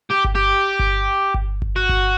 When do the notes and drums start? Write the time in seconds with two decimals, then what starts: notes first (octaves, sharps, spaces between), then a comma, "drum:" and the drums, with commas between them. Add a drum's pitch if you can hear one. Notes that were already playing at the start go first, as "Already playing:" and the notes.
0.11 G4
0.24 drum: kick G1
0.35 G4
0.79 drum: kick G1
1.34 drum: kick G1
1.62 drum: kick G1
1.76 F#4
1.89 drum: kick G1